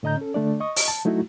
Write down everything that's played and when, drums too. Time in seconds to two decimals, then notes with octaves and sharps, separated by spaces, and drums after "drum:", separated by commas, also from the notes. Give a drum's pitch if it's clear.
0.03 A2 D3 D#5 A#5 G6
0.17 C#4 A4
0.34 D3 A3 D4 D5
0.60 D#5 C#6 D#6
0.76 drum: open hi-hat
0.88 A5
1.05 F#3 A3 D#4 E4 F#4